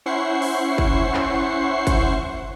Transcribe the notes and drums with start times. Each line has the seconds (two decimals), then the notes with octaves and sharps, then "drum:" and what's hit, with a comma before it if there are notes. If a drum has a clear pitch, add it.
0.06 C#4 E4 C5 F#5 C#6 C7
0.42 drum: open hi-hat
0.78 drum: kick
1.14 drum: clap
1.87 drum: kick, hi-hat